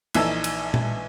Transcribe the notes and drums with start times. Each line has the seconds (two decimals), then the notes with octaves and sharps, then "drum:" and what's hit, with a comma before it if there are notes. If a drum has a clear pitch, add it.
0.15 A#1 E3 D#4 A4 E6, drum: cymbal
0.44 drum: cymbal
0.74 drum: tom A#2